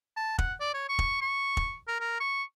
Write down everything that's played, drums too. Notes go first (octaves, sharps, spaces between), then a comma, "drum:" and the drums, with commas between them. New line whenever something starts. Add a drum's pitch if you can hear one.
A5
F#5, drum: kick
D5
C#5
C#6
drum: kick
C#6
drum: kick
A#4
A#4
C#6